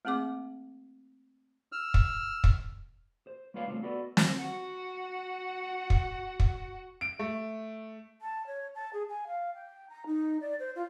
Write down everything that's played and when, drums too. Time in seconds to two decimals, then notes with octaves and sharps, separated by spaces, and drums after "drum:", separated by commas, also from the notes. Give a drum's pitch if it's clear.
0.05 A3 A#3 C4 G#4 D6
1.72 E6 F6
1.94 drum: kick
2.44 drum: kick
3.27 C5
3.54 G3 A#3 F4 B4 C#5 F5
3.67 C#3 G3 A3 C4 F4 C5
3.82 B3 F#4 A4 B4 D5 D#5
4.17 drum: snare
4.38 F#4 F#5
5.90 drum: kick
6.40 drum: kick
7.01 D7
7.19 A3
8.22 A5
8.47 C#5
8.75 A5
8.93 G#4
9.09 G#5
9.27 F5
9.54 G5
9.90 A#5
10.06 D#4
10.41 D5
10.60 C5
10.76 F4